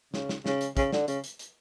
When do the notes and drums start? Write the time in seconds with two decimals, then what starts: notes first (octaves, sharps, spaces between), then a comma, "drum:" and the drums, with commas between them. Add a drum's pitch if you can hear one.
0.14 C#3, drum: snare
0.29 drum: snare
0.46 C#3, drum: snare
0.61 drum: hi-hat
0.77 C#3, drum: kick, hi-hat
0.93 D3, drum: snare
1.08 C#3, drum: hi-hat
1.24 drum: hi-hat
1.39 drum: hi-hat